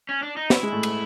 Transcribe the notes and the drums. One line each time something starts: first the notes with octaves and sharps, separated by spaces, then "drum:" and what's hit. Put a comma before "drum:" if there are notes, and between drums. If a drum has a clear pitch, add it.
C#4
D4
D#4
E4, drum: snare
G#3
A2 A3
drum: cymbal